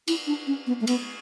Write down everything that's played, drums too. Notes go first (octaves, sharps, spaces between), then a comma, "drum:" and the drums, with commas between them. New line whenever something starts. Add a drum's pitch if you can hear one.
E4, drum: cymbal
D4
C#4
B3
A3
B3, drum: cymbal